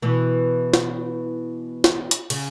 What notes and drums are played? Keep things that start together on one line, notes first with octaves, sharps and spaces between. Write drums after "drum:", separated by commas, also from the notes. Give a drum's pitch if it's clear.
B2 E3
drum: snare
drum: snare
drum: hi-hat
C#3, drum: cymbal